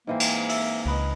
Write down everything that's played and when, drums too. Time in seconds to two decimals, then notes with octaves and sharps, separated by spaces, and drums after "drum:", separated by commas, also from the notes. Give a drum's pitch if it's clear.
0.07 G#2 E3 A#3 C4
0.20 drum: cymbal
0.49 E5, drum: open hi-hat
0.86 C#2 A#4 B4 D#5